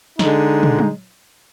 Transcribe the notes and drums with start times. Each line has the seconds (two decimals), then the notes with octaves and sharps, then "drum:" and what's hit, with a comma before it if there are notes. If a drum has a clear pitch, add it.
0.19 D3 G#3 D#4, drum: snare
0.63 drum: tom
0.79 drum: tom